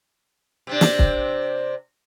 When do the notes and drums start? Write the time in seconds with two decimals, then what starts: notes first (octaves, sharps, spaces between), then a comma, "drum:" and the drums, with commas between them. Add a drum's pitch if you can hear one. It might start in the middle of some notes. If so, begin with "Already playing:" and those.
0.67 C3 C4 D4
0.81 drum: snare
0.99 drum: kick